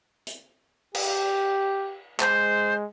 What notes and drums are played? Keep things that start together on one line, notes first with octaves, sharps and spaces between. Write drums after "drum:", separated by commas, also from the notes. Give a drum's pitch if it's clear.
drum: hi-hat
G4, drum: cymbal
G#3 C5, drum: clap